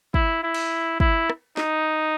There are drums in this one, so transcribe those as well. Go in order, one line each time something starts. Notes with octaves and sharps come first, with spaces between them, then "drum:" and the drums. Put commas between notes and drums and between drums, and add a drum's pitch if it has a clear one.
E4, drum: kick
E4
drum: cymbal
E4, drum: kick
drum: rim click
D#4, drum: snare